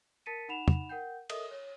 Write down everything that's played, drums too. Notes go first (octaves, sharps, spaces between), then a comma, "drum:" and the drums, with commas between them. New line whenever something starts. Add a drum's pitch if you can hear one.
A#4 A5 A6 B6 C#7 D#7
D#4 F#5 B5 E7 F7
drum: tom
A#4 F#5 G5 G6
A4 A#4 D#5 E5 D#6, drum: cymbal
C#5